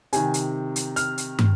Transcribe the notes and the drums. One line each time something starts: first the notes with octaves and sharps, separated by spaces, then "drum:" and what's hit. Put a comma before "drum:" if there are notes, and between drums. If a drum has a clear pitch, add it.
C3 D#3 G#5, drum: hi-hat
drum: hi-hat
drum: hi-hat
F6, drum: hi-hat
drum: hi-hat
drum: tom